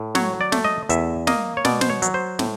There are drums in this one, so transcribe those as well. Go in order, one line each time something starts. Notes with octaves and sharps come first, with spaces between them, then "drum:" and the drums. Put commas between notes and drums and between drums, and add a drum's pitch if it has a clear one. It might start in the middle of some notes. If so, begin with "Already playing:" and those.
Already playing: A2
F#3 C#5, drum: snare
D5
A3, drum: snare
D#5
E2 E5, drum: hi-hat
A#3 D#5, drum: snare
C#5
B2 D5, drum: snare
C5, drum: snare
C#5
F#3, drum: hi-hat
C5
A2, drum: snare